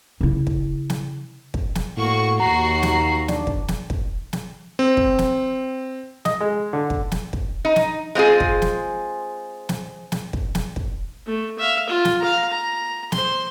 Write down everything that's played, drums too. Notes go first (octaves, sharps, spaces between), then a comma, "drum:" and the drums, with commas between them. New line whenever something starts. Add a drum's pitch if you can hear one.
C#3 E4
drum: kick
drum: snare
drum: kick
drum: snare
A2 A#3 F#4 C#6
D#2 F#4 A#5 C7
drum: snare
D4, drum: snare
drum: kick
drum: snare
drum: kick
drum: snare
C4
drum: kick
drum: snare
D#5, drum: snare
G#3
D3
drum: kick
drum: snare
drum: kick
D#4
drum: snare
G#3 C4 F4 G#4
drum: kick
drum: snare
drum: snare
drum: snare
drum: kick
drum: snare
drum: kick
A3
E5 F5
F4
drum: snare
F5 A#5
A#5
C5 C6, drum: snare